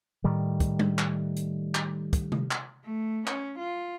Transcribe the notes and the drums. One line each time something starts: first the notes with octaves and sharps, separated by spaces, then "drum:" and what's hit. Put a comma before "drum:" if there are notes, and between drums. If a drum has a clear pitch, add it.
A2 D#3 G3
drum: kick, hi-hat
drum: tom G3
drum: clap
drum: hi-hat
drum: clap
drum: kick, hi-hat
drum: tom C3
drum: clap
A3
C#4, drum: clap
F4